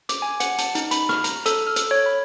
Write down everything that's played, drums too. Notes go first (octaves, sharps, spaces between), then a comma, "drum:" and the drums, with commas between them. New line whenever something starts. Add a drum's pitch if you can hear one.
D6, drum: hi-hat
G#5
F#5, drum: hi-hat
A5, drum: hi-hat
D#4, drum: hi-hat
B5, drum: hi-hat
F6, drum: rim click
A#5, drum: hi-hat
A4, drum: hi-hat
F6
drum: hi-hat
C#5
B5